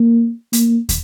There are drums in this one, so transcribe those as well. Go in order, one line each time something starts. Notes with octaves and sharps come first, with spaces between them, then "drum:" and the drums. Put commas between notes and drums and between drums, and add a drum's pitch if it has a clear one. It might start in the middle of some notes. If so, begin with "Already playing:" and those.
Already playing: A#3
A#3, drum: hi-hat
drum: kick, hi-hat